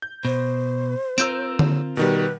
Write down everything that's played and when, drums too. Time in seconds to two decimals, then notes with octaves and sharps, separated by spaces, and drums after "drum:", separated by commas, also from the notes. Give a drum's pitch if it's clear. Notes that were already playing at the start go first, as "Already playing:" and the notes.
0.02 G6
0.25 B2 C5
1.18 C4 F4 A#4 E6 G6 D7, drum: tambourine
1.59 drum: tom D3
1.97 B2 D#3 G3 B4